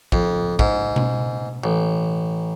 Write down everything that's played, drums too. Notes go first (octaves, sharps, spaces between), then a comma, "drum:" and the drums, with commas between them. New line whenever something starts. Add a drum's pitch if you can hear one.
F2, drum: kick A1
G#2, drum: kick A1
drum: tom B2
A1